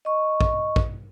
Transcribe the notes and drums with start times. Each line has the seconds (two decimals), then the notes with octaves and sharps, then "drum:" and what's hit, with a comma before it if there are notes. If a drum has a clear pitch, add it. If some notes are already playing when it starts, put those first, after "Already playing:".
0.05 D#5 C#6
0.41 drum: kick
0.76 drum: kick